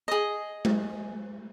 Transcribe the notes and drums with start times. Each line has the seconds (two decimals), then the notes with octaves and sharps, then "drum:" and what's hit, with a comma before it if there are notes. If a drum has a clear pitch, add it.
0.08 G#4 D#5
0.65 drum: tom G#3